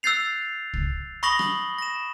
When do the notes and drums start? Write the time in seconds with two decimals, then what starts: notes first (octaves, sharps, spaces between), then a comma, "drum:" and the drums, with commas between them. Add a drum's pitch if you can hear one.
0.03 E6 F#6 G6 A6 C7 F7
0.74 drum: kick
1.23 B5 C#6 D#6 A#6 F#7 G7
1.39 drum: rim click
1.78 A#6 E7